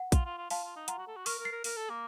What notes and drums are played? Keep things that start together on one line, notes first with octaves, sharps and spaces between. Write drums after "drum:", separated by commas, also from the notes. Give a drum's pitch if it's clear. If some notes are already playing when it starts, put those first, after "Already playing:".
Already playing: F#5
F4, drum: kick A#1, hi-hat
F4
F4
F4 F5 A5, drum: open hi-hat
F4
D#4
F4 F#5 A#5, drum: hi-hat
F#4
A4
F#4
A#4 C#6 F6, drum: open hi-hat
A#4
A6 C7
A#4
A#4, drum: open hi-hat
A4
A#3